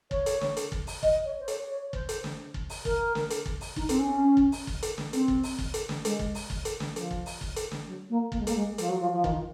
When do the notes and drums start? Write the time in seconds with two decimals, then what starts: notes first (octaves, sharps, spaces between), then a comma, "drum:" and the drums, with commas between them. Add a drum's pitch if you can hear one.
0.11 C#5, drum: kick
0.26 drum: hi-hat
0.41 drum: snare
0.57 drum: hi-hat
0.72 drum: kick
0.87 drum: open hi-hat
1.03 D#5, drum: kick
1.25 C#5
1.40 C5
1.48 C#5, drum: hi-hat
1.70 C#5
1.93 C5, drum: kick
2.09 drum: hi-hat
2.24 drum: snare
2.54 drum: kick
2.70 drum: open hi-hat
2.85 A#4, drum: kick
3.15 drum: snare
3.30 drum: hi-hat
3.46 drum: kick
3.61 drum: open hi-hat
3.76 D#4, drum: kick
3.89 C4, drum: hi-hat
3.99 C#4
4.37 drum: kick
4.52 drum: open hi-hat
4.67 drum: kick
4.82 drum: hi-hat
4.98 drum: snare
5.13 C4, drum: hi-hat
5.28 drum: kick
5.43 drum: open hi-hat
5.59 drum: kick
5.74 drum: hi-hat
5.89 drum: snare
6.05 G#3, drum: hi-hat
6.19 drum: kick
6.35 drum: open hi-hat
6.50 drum: kick
6.65 drum: hi-hat
6.80 drum: snare
6.96 F3, drum: hi-hat
7.11 drum: kick
7.26 drum: open hi-hat
7.41 drum: kick
7.56 drum: hi-hat
7.71 drum: snare
7.87 F#3
8.10 A#3
8.32 A#3, drum: kick
8.40 G#3
8.47 A#3, drum: hi-hat
8.55 G#3
8.78 F3, drum: hi-hat
8.89 F#3
8.99 F3
9.13 F3
9.24 D#3, drum: kick